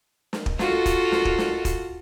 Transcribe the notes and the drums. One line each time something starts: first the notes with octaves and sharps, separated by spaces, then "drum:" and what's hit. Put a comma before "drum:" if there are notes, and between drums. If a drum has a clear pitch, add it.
drum: snare
drum: kick
F4 F#4 A4, drum: snare
drum: kick, hi-hat
drum: snare
drum: kick
drum: snare
drum: kick, hi-hat